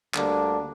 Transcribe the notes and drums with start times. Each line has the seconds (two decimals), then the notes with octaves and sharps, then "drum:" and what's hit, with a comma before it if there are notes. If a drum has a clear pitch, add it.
0.14 D2 D3 G3 A#3 D4, drum: clap